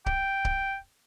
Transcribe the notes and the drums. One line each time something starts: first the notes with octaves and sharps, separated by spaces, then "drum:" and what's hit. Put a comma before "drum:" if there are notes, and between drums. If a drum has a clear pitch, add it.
G5, drum: kick C#1
drum: kick C#1